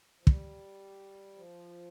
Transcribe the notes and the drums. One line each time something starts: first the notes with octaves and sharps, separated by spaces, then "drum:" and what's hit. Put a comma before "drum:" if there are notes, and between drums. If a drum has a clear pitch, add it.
F3
G3, drum: kick
F3